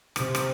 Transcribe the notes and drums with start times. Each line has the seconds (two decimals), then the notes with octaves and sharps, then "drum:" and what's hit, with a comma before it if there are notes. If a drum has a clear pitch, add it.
0.16 C3, drum: rim click
0.35 drum: rim click